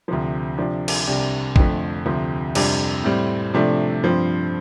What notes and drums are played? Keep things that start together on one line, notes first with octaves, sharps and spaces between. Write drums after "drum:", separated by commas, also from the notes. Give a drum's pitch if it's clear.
D2 C3 F3
C3 F3 D4
drum: cymbal
C2 C3 G3 D4
F2 D3 F3 A3, drum: kick A1
D2 C3 F3
F2 C3 G3 D4, drum: cymbal
A2 G3 C4
C3 F3 A3 D4
G2 F3 C4